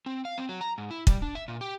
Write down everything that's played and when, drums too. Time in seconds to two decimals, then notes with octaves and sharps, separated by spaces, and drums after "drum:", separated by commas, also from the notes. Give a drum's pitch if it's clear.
0.06 C4
0.25 F5
0.38 C4
0.49 F#3
0.61 A#5
0.78 G#2
0.90 E4
1.07 G3, drum: kick
1.22 D4
1.35 E5
1.48 A#2
1.61 G4